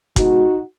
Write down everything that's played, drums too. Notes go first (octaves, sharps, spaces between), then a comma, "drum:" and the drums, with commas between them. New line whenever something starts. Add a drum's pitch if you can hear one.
B2 G#3 D#4 F#4, drum: kick, hi-hat